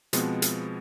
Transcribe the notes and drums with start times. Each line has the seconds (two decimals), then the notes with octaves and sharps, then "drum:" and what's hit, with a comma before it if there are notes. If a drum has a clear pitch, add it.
0.13 B2 F3 G#3 B3 C4, drum: hi-hat
0.42 drum: hi-hat